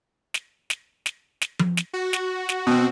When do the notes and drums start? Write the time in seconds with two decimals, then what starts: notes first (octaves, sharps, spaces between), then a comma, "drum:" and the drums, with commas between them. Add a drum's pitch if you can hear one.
0.34 drum: snare
0.70 drum: snare
1.06 drum: snare
1.41 drum: snare
1.59 drum: tom F3
1.77 drum: snare
1.93 F#4
2.13 drum: snare
2.49 drum: snare
2.67 B2 C4 F#4